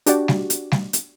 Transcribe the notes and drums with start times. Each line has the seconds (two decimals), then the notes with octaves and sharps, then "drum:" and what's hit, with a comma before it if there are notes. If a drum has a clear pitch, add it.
0.06 D4 F#4 G4 D5, drum: hi-hat
0.28 drum: snare G3
0.50 drum: hi-hat
0.72 drum: snare G3
0.93 drum: hi-hat